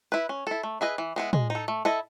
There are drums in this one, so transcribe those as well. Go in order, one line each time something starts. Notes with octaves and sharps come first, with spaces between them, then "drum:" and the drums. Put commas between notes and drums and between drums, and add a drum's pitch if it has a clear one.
E4 B4
C#4
E4 A4
A3
E4 G#4 B4 D#5
E3
G#3 B3 E4
G#3, drum: tom
D#4
A4
A3
E4 A4 D#5